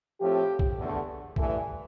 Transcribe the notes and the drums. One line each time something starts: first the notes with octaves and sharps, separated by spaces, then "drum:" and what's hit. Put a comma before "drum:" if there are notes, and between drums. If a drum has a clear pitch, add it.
A2 F3 C4 G4
drum: kick
E2 D3 A3
G2 E3 A3 A4, drum: kick